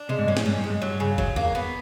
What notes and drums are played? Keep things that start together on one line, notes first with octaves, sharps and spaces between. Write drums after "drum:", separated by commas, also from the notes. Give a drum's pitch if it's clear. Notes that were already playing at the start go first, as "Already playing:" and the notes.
Already playing: D4
C3 G#3
G#2
G2 C#4
A2, drum: snare
G#2 C#4
G2
G#3
G2
G2 F#3
C#3
F#3, drum: kick G1
A#3, drum: tom E2
B3